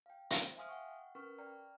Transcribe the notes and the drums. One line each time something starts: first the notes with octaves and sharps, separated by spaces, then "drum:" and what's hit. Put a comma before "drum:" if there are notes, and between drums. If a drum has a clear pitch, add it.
F5 G5
C5, drum: hi-hat
E5 F5 G#5 C6 D#6 F6
F#5 G5 C#6
C#4 A#4 B4 C#6 F6
D5 G5 A#5 F6